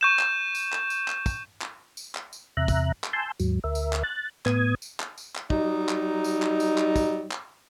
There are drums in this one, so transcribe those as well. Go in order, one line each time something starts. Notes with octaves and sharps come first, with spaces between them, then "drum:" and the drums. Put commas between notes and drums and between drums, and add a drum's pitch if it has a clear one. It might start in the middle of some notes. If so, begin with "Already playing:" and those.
C#6 G6 E7
drum: clap
drum: tambourine
drum: clap
drum: tambourine
drum: clap
drum: kick, tambourine
drum: clap
drum: tambourine
drum: clap
drum: tambourine
E2 C3 E5 A#5 F#6
drum: kick, tambourine
drum: clap
G#5 A5 C6 E6 G6
D#2 G#2 F#3, drum: tambourine
D2 A#4 E5
drum: tambourine
drum: clap
F#6 A6
A2 B3 D#6 G#6, drum: clap
drum: tambourine
drum: clap
drum: tambourine
drum: clap
F#3 G3 D#4, drum: kick
drum: clap
drum: tambourine
drum: clap
drum: tambourine
drum: clap
drum: kick, tambourine
drum: clap